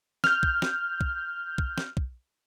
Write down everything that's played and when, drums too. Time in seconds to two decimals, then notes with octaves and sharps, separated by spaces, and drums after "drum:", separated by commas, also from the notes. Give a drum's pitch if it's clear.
0.24 F6 G6, drum: snare
0.43 drum: kick
0.62 drum: snare
1.01 drum: kick
1.58 drum: kick
1.78 drum: snare
1.97 drum: kick